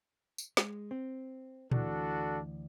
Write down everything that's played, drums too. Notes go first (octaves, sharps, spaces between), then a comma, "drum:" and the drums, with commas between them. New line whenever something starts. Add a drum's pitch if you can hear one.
drum: tambourine
G#3, drum: snare
C4
D2 E3 D4 F#4 A4, drum: tom A#2